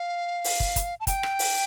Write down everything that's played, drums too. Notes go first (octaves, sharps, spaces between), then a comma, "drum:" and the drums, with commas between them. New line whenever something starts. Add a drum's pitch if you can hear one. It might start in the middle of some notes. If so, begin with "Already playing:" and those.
Already playing: F5
drum: open hi-hat
drum: kick
drum: kick, hi-hat
A5
G5, drum: kick, hi-hat
drum: rim click
drum: open hi-hat